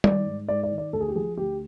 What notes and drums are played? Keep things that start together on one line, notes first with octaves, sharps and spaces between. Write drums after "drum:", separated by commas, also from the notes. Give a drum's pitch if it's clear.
D#3 D5, drum: tom
G#2
G#2 D5
D5
D#3
D5
D2 A4
G#4
G4
F3 G#4
D2 G4